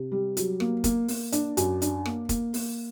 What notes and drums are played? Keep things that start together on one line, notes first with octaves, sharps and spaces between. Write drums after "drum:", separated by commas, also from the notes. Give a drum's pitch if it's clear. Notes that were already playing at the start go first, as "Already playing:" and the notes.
Already playing: C3
G3
F#3, drum: hi-hat
A#3, drum: rim click
A#3, drum: kick, hi-hat
A#3, drum: open hi-hat
D4, drum: hi-hat
F#2, drum: hi-hat
D4, drum: hi-hat
A#3, drum: rim click
A#3, drum: kick, hi-hat
A#3, drum: open hi-hat